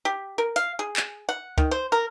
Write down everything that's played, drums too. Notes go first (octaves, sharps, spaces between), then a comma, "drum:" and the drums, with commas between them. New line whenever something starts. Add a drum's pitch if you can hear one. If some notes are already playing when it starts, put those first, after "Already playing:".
G4
A#4
F5, drum: hi-hat
G#4
drum: clap
F#5
D#3, drum: kick C#2
C5
A#4